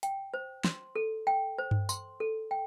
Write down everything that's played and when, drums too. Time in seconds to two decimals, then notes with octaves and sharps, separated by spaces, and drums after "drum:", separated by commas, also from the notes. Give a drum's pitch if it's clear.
0.03 G5, drum: hi-hat
0.34 C5
0.64 C6, drum: snare
0.96 A4
1.27 G5
1.58 C5
1.71 drum: tom G2
1.89 C6, drum: tambourine
2.20 A4
2.51 G5